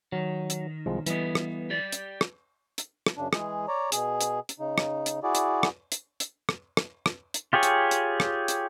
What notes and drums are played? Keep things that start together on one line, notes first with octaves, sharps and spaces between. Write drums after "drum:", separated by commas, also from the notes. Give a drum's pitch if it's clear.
D#3 F#3
drum: hi-hat
C2 F3 G#3
E3 G3 B3 D#5, drum: hi-hat
drum: rim click
G4 D5
drum: hi-hat
drum: rim click
drum: hi-hat
drum: rim click
F#2 C#3 D4
E3 G#3 G#4, drum: rim click
C#5 D5 A#5
B2 G#4, drum: hi-hat
drum: hi-hat
drum: hi-hat
C#3 D#4
drum: rim click
drum: hi-hat
E4 F#4 G#4 D5
drum: hi-hat
drum: rim click
drum: hi-hat
drum: hi-hat
drum: rim click
drum: rim click
drum: rim click
drum: hi-hat
F4 G4 G#4 C#5
drum: hi-hat
drum: hi-hat
drum: rim click
drum: hi-hat